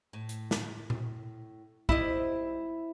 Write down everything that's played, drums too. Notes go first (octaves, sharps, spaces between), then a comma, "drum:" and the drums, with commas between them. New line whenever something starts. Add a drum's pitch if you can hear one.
A2
drum: hi-hat
drum: snare
drum: tom A#2
G3 C4 E4 D#5, drum: kick